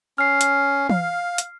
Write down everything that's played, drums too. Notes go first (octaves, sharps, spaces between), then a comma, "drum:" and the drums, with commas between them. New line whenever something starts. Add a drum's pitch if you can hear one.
C#4 F6 C7
drum: hi-hat
F5, drum: tom E3
drum: hi-hat